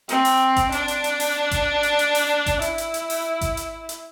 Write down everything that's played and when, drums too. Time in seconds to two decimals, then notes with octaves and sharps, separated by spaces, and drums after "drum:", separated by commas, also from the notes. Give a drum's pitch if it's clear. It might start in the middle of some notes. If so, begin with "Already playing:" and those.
0.09 C4, drum: hi-hat
0.25 drum: open hi-hat
0.56 drum: kick G#1, hi-hat
0.72 D4, drum: hi-hat
0.88 drum: hi-hat
1.04 drum: hi-hat
1.20 drum: open hi-hat
1.51 drum: kick G#1, hi-hat
1.83 drum: hi-hat
1.99 drum: hi-hat
2.15 drum: open hi-hat
2.46 drum: kick G#1, hi-hat
2.62 E4, drum: hi-hat
2.78 drum: hi-hat
2.94 drum: hi-hat
3.10 drum: open hi-hat
3.41 drum: kick G#1, hi-hat
3.57 drum: hi-hat
3.89 drum: hi-hat